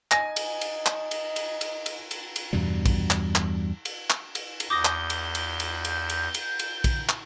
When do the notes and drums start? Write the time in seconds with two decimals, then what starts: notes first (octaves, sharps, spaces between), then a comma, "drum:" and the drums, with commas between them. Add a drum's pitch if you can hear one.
0.11 D#4 G#5 A#6, drum: clap
0.36 drum: cymbal
0.61 drum: cymbal
0.86 drum: clap
1.11 drum: cymbal
1.36 drum: cymbal
1.61 drum: cymbal
1.86 drum: cymbal
2.11 drum: cymbal
2.36 drum: cymbal
2.53 E2 G2 B2 G3
2.86 drum: kick, cymbal
3.10 drum: clap
3.35 drum: clap
3.85 drum: cymbal
4.10 drum: clap
4.35 drum: cymbal
4.60 drum: cymbal
4.70 E2 D6 D#6 G6 A#6
4.85 drum: clap
5.10 drum: cymbal
5.35 drum: cymbal
5.60 drum: cymbal
5.85 drum: cymbal
6.10 drum: cymbal
6.34 drum: cymbal
6.59 drum: cymbal
6.84 drum: kick, cymbal
7.09 drum: clap